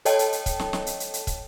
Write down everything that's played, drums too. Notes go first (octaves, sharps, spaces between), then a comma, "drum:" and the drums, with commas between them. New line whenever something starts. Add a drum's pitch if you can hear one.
A4 C#5 D#5 G5 A5, drum: hi-hat
drum: hi-hat
drum: hi-hat
drum: kick, hi-hat
drum: snare
drum: snare
drum: hi-hat
drum: hi-hat
drum: hi-hat
drum: kick, hi-hat